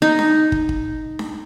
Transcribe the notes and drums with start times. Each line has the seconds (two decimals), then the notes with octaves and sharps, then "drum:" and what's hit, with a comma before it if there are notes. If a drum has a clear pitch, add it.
0.02 D#4
0.19 drum: snare D4
0.52 drum: kick
0.69 drum: kick
1.19 drum: snare D4